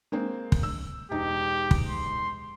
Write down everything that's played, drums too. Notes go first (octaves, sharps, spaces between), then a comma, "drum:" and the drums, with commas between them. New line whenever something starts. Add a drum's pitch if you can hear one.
G#3 A#3 C4
drum: kick
E6
E1 D#4 G4
drum: kick
C6